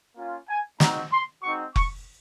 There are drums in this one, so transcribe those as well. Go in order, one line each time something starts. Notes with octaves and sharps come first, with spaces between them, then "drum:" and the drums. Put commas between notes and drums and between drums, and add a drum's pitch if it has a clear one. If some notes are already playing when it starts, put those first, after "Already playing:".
A#3 C#4 F4
G#5
G#3 C4 D#4 F#4 A#5, drum: snare
C6
G#3 C4 D#4 F#4 C#6
C#6, drum: kick F1